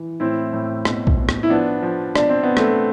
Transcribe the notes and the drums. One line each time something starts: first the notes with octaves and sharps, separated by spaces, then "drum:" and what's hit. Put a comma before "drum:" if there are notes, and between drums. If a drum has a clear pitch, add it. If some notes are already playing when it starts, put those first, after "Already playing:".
Already playing: E3
A2 C4 E4
A2
B2, drum: rim click
drum: kick B1
B2
drum: rim click
E4
F3 B3 D4
F3
B2 D4, drum: rim click
C4
B2 B3
A3 C4, drum: rim click